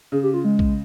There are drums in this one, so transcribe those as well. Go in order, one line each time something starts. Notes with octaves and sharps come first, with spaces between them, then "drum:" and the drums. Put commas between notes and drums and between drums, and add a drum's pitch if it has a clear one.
C#3 G#4
G4
F4
G#3
drum: kick A#1